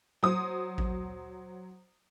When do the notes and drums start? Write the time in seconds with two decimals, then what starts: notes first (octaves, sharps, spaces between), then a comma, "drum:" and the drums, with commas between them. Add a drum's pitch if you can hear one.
0.23 F#3 C5 D#6
0.78 drum: kick A1